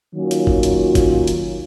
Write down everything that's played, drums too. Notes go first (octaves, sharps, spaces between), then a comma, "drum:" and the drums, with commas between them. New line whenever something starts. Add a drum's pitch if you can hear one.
D#3 F#3 A#3 C#4 F4
drum: hi-hat
drum: kick
drum: hi-hat
drum: kick, hi-hat
drum: hi-hat